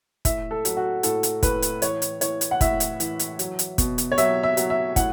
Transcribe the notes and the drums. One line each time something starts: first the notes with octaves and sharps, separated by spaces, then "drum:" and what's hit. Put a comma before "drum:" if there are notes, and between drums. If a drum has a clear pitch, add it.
A2 E5, drum: kick, hi-hat
A4
F#3, drum: hi-hat
F#4
A2 A4, drum: hi-hat
drum: hi-hat
A2 B4, drum: kick, hi-hat
drum: hi-hat
E3 C#5, drum: hi-hat
drum: hi-hat
E3 C#5, drum: hi-hat
drum: hi-hat
F#5
A2 E5, drum: kick, hi-hat
drum: hi-hat
E3, drum: hi-hat
drum: hi-hat
F#3, drum: hi-hat
drum: hi-hat
B2, drum: kick, hi-hat
drum: hi-hat
C#5
F#3 E5, drum: hi-hat
E5
F#3, drum: hi-hat
E5
A2 F#5, drum: kick, hi-hat